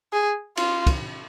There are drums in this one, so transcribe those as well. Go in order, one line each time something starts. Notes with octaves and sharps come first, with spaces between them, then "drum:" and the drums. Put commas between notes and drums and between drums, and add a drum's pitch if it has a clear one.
G#4
F4, drum: cymbal
drum: kick, cymbal